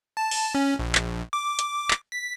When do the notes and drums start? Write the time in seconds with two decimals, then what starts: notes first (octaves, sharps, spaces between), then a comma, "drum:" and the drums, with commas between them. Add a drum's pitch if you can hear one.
0.17 A5
0.31 drum: open hi-hat
0.55 C#4
0.79 A#1
0.95 drum: clap
1.33 D6
1.59 drum: hi-hat
1.91 drum: clap
2.12 B6